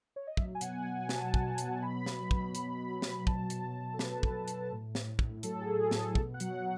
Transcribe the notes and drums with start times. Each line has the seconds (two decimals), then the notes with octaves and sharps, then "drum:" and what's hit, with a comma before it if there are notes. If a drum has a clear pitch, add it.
0.16 C#5
0.27 D#5
0.37 F#3 E5, drum: kick
0.55 G#5
0.61 B2 F#5, drum: hi-hat
0.85 B2 G#5
1.09 F#3 A5, drum: snare
1.34 B2, drum: kick
1.58 F#3, drum: hi-hat
1.81 B2 B5
2.06 B2, drum: snare
2.31 B2, drum: kick
2.55 B2, drum: hi-hat
2.78 F#3
3.02 B2, drum: snare
3.27 F#3 A5, drum: kick
3.50 B2, drum: hi-hat
3.75 F#3
3.93 A4
3.99 B2 B4, drum: snare
4.23 F#3, drum: kick
4.48 F#3, drum: hi-hat
4.72 A2
4.95 A2, drum: snare
5.19 A2, drum: kick
5.43 F#3 A4, drum: hi-hat
5.61 G#4
5.67 F#3
5.79 G#4
5.91 A2, drum: snare
5.97 A4
6.15 B2 A4, drum: kick
6.34 F#5
6.40 F#3, drum: hi-hat